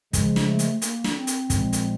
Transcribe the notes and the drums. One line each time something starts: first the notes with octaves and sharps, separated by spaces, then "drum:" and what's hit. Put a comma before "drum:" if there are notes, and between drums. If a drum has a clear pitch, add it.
C#3 F3 G#3, drum: kick, hi-hat
drum: snare
A3
drum: hi-hat
A#3, drum: hi-hat
drum: snare
C4
drum: hi-hat
A#2 F3 G#3, drum: kick, hi-hat
drum: hi-hat